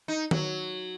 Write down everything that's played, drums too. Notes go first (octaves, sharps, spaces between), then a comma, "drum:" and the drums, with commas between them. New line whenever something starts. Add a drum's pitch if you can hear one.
D#4
F#3, drum: tom D#3